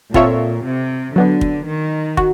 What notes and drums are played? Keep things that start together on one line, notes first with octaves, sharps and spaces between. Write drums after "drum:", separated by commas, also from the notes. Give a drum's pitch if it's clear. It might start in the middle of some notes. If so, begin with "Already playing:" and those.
A#2 C4 F4 A4 C#5 E5, drum: kick
C3
D3 F#3 B3 D4
drum: kick
D#3
F#4, drum: kick